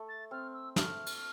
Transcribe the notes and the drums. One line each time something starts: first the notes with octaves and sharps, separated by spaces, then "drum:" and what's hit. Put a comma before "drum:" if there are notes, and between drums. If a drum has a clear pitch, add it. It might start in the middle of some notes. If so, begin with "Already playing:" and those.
Already playing: A3
A6
C4 F6
E6
A3 F6, drum: snare
drum: cymbal